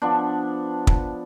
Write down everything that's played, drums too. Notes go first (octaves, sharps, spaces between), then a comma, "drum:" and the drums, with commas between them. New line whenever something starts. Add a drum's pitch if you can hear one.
F3 B3 D4
drum: kick